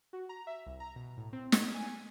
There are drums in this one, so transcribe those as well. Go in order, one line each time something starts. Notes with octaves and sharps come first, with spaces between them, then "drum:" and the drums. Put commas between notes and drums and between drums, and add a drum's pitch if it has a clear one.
F#4
A#5
E5
C2
A#5
B2
A2
C4
B6, drum: snare
G#5